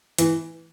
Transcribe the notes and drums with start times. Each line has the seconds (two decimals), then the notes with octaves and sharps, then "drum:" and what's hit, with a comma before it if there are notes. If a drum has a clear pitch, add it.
0.18 E3, drum: hi-hat